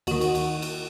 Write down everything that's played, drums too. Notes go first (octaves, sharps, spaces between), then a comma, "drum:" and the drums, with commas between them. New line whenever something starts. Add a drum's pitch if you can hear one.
D#2 D#3 F#4, drum: cymbal
drum: cymbal
drum: cymbal
drum: cymbal